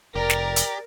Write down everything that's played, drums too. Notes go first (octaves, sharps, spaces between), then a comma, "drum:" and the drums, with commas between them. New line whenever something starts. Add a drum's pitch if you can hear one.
F1 G4 A#4 D5
drum: snare
drum: hi-hat